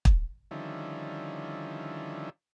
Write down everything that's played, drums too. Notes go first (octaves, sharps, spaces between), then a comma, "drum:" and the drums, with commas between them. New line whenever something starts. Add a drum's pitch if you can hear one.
drum: kick
D3 D#3 F3 G3 C#4 E4